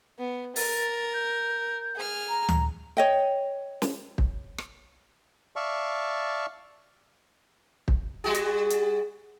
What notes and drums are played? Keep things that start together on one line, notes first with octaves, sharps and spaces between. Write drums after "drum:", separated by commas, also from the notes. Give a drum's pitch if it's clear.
B3
A#4 A6, drum: open hi-hat
G6
G#4 F6
A#5
drum: tom D2
C#5 D#5 G5
drum: snare
drum: kick
drum: rim click
D5 E5 F5 A5 C#6
drum: kick
G3 F#4 G#4
drum: hi-hat
drum: hi-hat